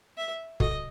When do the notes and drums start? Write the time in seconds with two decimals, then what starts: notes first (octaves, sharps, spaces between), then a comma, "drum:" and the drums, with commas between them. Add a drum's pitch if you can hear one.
0.18 E5
0.60 F#4 A4 D#5, drum: kick